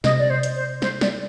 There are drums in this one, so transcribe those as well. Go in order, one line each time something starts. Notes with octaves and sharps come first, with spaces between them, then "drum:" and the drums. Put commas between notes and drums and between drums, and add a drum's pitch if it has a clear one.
C3 D#5, drum: snare
D5
C5
drum: hi-hat
C5
C5, drum: snare
D5, drum: snare